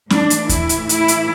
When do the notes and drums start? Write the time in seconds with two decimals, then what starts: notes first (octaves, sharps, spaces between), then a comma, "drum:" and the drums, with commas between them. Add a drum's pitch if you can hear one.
0.10 A2 E3 D4, drum: snare C#4
0.30 drum: hi-hat
0.49 E4, drum: kick D#2, hi-hat
0.69 drum: hi-hat
0.89 E4, drum: hi-hat
1.08 drum: hi-hat